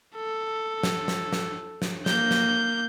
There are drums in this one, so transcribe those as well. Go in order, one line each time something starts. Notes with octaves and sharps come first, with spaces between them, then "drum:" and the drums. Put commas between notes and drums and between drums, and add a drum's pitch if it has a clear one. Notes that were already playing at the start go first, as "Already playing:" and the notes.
A4
drum: snare
drum: snare
drum: snare
drum: snare
A#3 G6, drum: snare
drum: snare